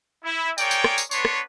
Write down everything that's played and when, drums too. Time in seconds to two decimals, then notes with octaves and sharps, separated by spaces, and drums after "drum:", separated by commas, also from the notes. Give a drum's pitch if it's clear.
0.24 E4
0.58 G#4 A#4 C#5 D5 G5, drum: tambourine
0.71 drum: tambourine
0.84 drum: rim click
0.98 drum: tambourine
1.11 B3 D4 B4 C#5 C6 C#6, drum: tambourine
1.25 drum: rim click